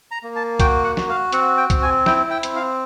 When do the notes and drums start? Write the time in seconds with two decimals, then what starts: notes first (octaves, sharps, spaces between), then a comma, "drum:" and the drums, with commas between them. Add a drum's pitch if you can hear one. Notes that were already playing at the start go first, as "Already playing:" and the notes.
0.11 A#5
0.23 A#3
0.36 A5
0.60 F#4 G5, drum: kick C2, hi-hat
0.84 F#5
0.97 F#4, drum: snare
1.09 F5
1.32 C4 F#5, drum: hi-hat
1.58 G5
1.70 C4, drum: kick C2, hi-hat
1.82 G#5
2.06 E4 G5, drum: snare
2.30 G5
2.43 C4, drum: hi-hat
2.55 F5